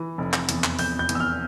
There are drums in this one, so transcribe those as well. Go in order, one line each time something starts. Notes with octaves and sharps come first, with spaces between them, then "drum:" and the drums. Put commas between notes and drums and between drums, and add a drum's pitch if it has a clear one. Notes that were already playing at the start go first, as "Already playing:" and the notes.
Already playing: E3
F1
drum: clap
E2, drum: hi-hat
drum: clap
F1 G6, drum: open hi-hat
G6
E2, drum: hi-hat
E6
F6